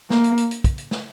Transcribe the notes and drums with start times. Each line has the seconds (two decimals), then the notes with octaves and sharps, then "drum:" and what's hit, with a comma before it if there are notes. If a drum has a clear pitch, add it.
0.10 A#3, drum: snare
0.24 drum: hi-hat
0.38 drum: hi-hat
0.51 drum: hi-hat
0.64 drum: kick, hi-hat
0.78 drum: hi-hat
0.91 drum: snare